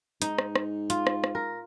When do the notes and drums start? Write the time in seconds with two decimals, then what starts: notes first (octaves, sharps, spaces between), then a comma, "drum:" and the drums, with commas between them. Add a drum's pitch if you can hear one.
0.22 G#2 D#4, drum: hi-hat
0.38 drum: rim click
0.56 drum: rim click
0.90 F4, drum: hi-hat
1.07 drum: rim click
1.24 drum: rim click
1.35 A#4